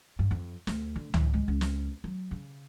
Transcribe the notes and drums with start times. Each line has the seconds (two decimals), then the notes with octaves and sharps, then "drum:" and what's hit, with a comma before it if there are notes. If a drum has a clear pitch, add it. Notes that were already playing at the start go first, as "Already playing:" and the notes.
0.19 G2
0.31 F2
0.67 D2, drum: snare
0.96 D3
1.14 E3, drum: tom C#2
1.34 G#3
1.48 C#2
1.61 drum: snare
2.04 F#3
2.31 C#3